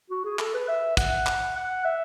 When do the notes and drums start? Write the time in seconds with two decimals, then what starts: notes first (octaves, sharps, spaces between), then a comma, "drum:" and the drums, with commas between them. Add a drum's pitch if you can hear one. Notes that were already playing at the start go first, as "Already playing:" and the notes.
0.10 F#4
0.25 G#4
0.39 A4, drum: clap
0.54 B4
0.68 E5
0.97 F#5, drum: kick, hi-hat
1.26 drum: clap
1.56 F#5
1.85 E5